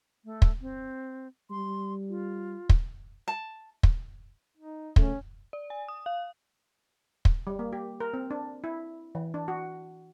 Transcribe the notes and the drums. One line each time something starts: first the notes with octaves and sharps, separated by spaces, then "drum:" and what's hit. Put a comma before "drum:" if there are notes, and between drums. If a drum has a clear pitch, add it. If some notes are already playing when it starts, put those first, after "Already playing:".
A3
drum: kick
C4
G3 C6
F4
drum: kick
A5
drum: kick
D#4
C#3 A3 C#4, drum: kick
D5
G#5
D#6
F5
drum: kick
G3
A#3
G4
A#4
C4
D4
E4
E3
D4
F#4